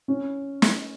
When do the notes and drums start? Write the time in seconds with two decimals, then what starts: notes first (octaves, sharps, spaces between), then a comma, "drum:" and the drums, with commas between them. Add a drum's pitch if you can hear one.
0.08 C#4
0.62 drum: snare